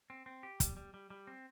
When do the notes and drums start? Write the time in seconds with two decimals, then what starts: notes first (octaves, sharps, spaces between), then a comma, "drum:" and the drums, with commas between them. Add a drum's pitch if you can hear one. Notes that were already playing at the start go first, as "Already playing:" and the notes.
0.10 C4
0.26 C4
0.43 G4
0.60 G3, drum: kick, hi-hat
0.77 G3
0.94 G3
1.10 G3
1.27 C4